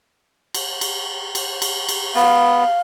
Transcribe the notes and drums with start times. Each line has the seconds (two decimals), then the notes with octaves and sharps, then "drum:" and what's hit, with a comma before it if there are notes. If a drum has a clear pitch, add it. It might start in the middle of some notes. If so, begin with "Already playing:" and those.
0.54 drum: cymbal
0.81 drum: cymbal
1.35 drum: cymbal
1.62 drum: cymbal
1.89 drum: cymbal
2.15 B3 F5